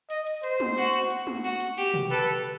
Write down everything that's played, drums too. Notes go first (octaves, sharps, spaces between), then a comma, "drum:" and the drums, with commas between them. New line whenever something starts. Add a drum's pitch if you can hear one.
D#5, drum: hi-hat
drum: hi-hat
C5, drum: hi-hat
drum: tom
F#4, drum: hi-hat
drum: hi-hat
drum: hi-hat
drum: tom
F#4, drum: hi-hat
drum: hi-hat
G4, drum: hi-hat
drum: tom
A4 B4, drum: hi-hat
drum: hi-hat